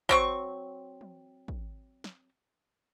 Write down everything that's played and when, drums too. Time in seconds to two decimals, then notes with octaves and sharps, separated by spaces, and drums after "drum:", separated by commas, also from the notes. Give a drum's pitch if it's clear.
0.09 F#3 C4 C#6, drum: kick
1.01 drum: tom
1.48 drum: kick
2.04 drum: snare